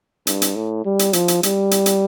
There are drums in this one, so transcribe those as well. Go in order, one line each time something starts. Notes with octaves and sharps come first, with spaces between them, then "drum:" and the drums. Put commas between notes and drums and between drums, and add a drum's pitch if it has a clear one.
G2, drum: hi-hat
drum: hi-hat
A2
G3
drum: hi-hat
F3, drum: hi-hat
drum: hi-hat
G3, drum: hi-hat
drum: hi-hat
drum: hi-hat